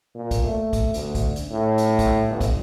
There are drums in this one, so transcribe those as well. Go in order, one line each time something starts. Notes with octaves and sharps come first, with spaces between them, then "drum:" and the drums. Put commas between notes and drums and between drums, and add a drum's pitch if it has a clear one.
A#2
drum: kick, hi-hat
A3
drum: kick, hi-hat
D2, drum: hi-hat
drum: kick, hi-hat
drum: hi-hat
A2
drum: hi-hat
drum: kick, hi-hat
G1
drum: kick, hi-hat